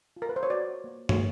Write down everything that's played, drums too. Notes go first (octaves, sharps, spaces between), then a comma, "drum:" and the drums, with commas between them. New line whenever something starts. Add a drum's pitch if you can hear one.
F4
A#4
B4
C5
C#5
F#4 D5
A#3
C#5, drum: tom